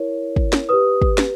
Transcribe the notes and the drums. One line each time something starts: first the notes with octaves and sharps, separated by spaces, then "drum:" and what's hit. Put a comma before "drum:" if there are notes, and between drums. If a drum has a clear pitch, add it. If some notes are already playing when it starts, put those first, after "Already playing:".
Already playing: E4 A#4 C#5
drum: kick
drum: snare
G4 B4 D#6
drum: kick
drum: snare